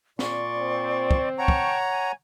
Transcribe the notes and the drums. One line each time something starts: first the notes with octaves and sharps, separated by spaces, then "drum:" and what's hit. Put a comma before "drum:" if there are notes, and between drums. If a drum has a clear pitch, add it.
A#2 D5 C6 C#6, drum: snare
C4
drum: kick
C#5 F#5 G5 A5 A#5 C#6
drum: kick
G#5